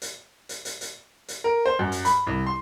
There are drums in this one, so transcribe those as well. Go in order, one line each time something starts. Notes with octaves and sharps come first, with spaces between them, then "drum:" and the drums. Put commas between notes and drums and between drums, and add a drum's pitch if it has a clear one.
drum: hi-hat
drum: hi-hat
drum: hi-hat
drum: hi-hat
drum: hi-hat
A#4
C5
F#2
drum: hi-hat
B5, drum: hi-hat
C2
C6